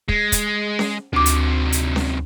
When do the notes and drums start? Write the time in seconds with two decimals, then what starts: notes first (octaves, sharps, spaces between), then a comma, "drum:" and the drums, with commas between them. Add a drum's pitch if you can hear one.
0.09 G#3, drum: kick
0.32 drum: kick, hi-hat
0.79 drum: snare C#4
1.13 D2 C3 F#3 D6
1.26 drum: hi-hat
1.72 drum: hi-hat
1.96 drum: snare C#4